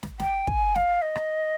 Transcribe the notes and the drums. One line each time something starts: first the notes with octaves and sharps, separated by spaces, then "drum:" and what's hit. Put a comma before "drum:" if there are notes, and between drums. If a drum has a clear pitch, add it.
drum: snare
G5, drum: snare
G#5, drum: kick
F5, drum: snare
D#5
drum: rim click